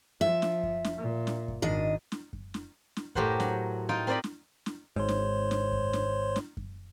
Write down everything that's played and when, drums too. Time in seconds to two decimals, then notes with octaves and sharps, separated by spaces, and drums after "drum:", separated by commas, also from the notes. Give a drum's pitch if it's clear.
0.21 F3 E5
0.42 drum: snare
0.63 drum: kick F#2
0.85 drum: snare
0.98 A#2
1.27 drum: snare
1.48 drum: kick F#2
1.62 G#1 D#3 D4 D#5
2.12 drum: snare
2.33 drum: kick F#2
2.54 drum: snare
2.97 drum: snare
3.15 A2 G4 A#4 C5 F#5, drum: kick F#2
3.40 F#3, drum: snare
3.89 D#4 F4 G5
4.07 C4 A#4 C5 D5 D#5 B5
4.24 drum: snare
4.66 drum: snare
4.96 G#1 G#2 C5 C#5 C6
5.09 drum: snare
5.51 drum: snare
5.72 drum: kick F#2
5.93 drum: snare
6.36 drum: snare
6.57 drum: kick F#2